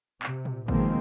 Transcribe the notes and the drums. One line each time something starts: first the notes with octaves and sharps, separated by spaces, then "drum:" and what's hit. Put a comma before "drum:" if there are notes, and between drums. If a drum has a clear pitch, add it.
C3, drum: clap
drum: tom
B2 D#3 F3 G#3 A#3 C4, drum: kick